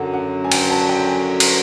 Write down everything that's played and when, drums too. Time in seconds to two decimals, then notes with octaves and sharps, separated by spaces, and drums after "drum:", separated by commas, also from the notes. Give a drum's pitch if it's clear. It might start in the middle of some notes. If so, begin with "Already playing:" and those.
Already playing: F#2 D3 F#3 F#5
0.13 F#5
0.44 G#5
0.52 G5, drum: cymbal
0.71 A5
0.89 G5
1.07 G#5
1.40 drum: cymbal